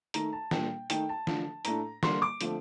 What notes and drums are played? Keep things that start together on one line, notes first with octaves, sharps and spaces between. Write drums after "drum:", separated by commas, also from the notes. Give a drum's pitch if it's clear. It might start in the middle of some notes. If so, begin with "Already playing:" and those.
D#3 A3 D#4 A#5, drum: hi-hat
A5
A#2 G3 A#3 D4 G5, drum: snare
D#3 A3 D#4 G5, drum: hi-hat
A5
D3 F3 A3 D4, drum: snare
A2 A3 D4 A#5, drum: hi-hat
D3 G3 A#3 C6, drum: snare
D6
D3 F3 A3 C4, drum: hi-hat